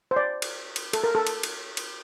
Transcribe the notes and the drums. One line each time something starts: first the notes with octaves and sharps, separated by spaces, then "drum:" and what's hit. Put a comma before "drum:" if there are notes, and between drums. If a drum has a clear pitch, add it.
C5
D5
drum: cymbal
drum: cymbal
A4, drum: cymbal
A#4
A4
drum: cymbal
drum: cymbal
drum: cymbal